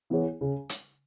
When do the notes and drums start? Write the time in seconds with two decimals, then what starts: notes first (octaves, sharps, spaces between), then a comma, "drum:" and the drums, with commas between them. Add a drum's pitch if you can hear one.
0.10 E3 B3 E4 G#4 C#5
0.41 C#3
0.69 drum: hi-hat